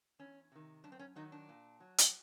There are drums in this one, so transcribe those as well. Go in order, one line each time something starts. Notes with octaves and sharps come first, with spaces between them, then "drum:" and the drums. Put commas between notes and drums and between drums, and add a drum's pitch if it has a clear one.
E2 C#4
C3 D#3
F#2 D4
C4
C#4
D#3 F#3 D#4
D4
A#2
F#3
drum: hi-hat